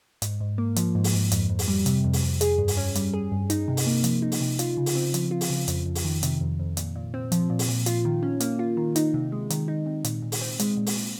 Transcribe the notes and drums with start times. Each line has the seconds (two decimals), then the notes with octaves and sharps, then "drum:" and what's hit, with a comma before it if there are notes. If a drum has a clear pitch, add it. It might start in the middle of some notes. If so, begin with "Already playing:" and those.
0.22 G#2, drum: hi-hat
0.40 G#2
0.58 A#3
0.76 F3, drum: hi-hat
0.95 G#2
1.04 drum: open hi-hat
1.13 G#2
1.32 F2, drum: hi-hat
1.50 F2
1.59 drum: open hi-hat
1.68 G3
1.86 C3, drum: hi-hat
2.04 F2
2.13 drum: open hi-hat
2.23 F2
2.41 G#4, drum: hi-hat
2.58 G2
2.68 drum: open hi-hat
2.77 C#4
2.95 G3, drum: hi-hat
3.14 G#4
3.32 G2
3.50 D#4, drum: hi-hat
3.68 C3
3.77 drum: open hi-hat
3.86 A#3
4.04 F3, drum: hi-hat
4.22 D#4
4.32 drum: open hi-hat
4.41 C3
4.59 F4, drum: hi-hat
4.77 C#3
4.86 drum: open hi-hat
4.95 C4
5.14 F3, drum: hi-hat
5.31 F4
5.41 drum: open hi-hat
5.50 C#3
5.68 F2, drum: hi-hat
5.86 F2
5.95 drum: open hi-hat
6.05 D#3
6.23 C3, drum: hi-hat
6.41 F2
6.59 F2
6.77 A#2, drum: hi-hat
6.95 A#2
7.14 C4
7.32 F3, drum: hi-hat
7.50 A#2
7.59 drum: open hi-hat
7.68 A#2
7.86 F4, drum: hi-hat
8.05 D#3
8.23 C#4
8.40 A#3, drum: hi-hat
8.59 F4
8.77 D#3
8.96 D#4, drum: hi-hat
9.14 C3
9.32 G#3
9.50 D#3, drum: hi-hat
9.68 D#4
9.86 C3
10.04 A#2, drum: hi-hat
10.22 A#2
10.32 drum: open hi-hat
10.41 C4
10.59 G#3, drum: hi-hat
10.77 A#2
10.86 drum: open hi-hat
10.96 A#2